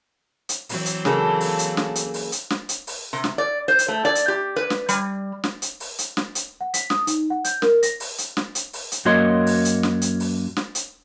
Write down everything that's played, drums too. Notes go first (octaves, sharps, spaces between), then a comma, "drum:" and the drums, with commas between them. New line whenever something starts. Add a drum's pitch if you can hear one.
drum: hi-hat
E3 F#3 C4, drum: open hi-hat
drum: hi-hat
C#3 A#3 A4, drum: snare
drum: open hi-hat
drum: hi-hat
drum: snare
drum: hi-hat
drum: open hi-hat
drum: hi-hat
drum: snare
drum: hi-hat
drum: open hi-hat
C3
drum: snare
D5
C5
drum: hi-hat
A3
D5
drum: hi-hat
G4
B4
drum: snare
G3, drum: hi-hat
drum: snare
drum: hi-hat
drum: open hi-hat
drum: hi-hat
drum: snare
drum: hi-hat
F#5
B6, drum: hi-hat
D#6, drum: snare
D#4, drum: hi-hat
F#5
G6, drum: hi-hat
A#4, drum: snare
A#6, drum: hi-hat
drum: open hi-hat
drum: hi-hat
drum: snare
drum: hi-hat
drum: open hi-hat
drum: hi-hat
F#2 A#3 F#4 C#5 D#5 C6
drum: open hi-hat
drum: hi-hat
drum: snare
drum: hi-hat
drum: open hi-hat
drum: snare
drum: hi-hat